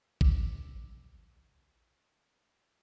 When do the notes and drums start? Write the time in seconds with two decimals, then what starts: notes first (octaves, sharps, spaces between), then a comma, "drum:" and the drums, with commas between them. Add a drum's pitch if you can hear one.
0.21 G4 D6 E6 G#6 B6 F7, drum: kick A#1